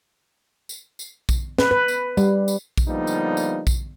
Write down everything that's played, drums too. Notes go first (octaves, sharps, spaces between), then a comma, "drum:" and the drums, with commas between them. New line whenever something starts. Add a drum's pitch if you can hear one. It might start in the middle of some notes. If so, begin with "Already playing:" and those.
drum: tambourine
drum: tambourine
drum: kick A#1, tambourine
B4, drum: snare
B4
drum: tambourine
G3, drum: tambourine
drum: tambourine
drum: kick A#1, tambourine
D3 F3 G3 A#3 B3 D#4
drum: tambourine
drum: tambourine
drum: kick A#1, tambourine